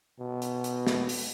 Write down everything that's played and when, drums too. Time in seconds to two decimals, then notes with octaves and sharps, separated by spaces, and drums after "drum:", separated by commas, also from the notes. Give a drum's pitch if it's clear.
0.19 B2
0.42 drum: hi-hat
0.64 drum: hi-hat
0.87 drum: snare
1.09 drum: open hi-hat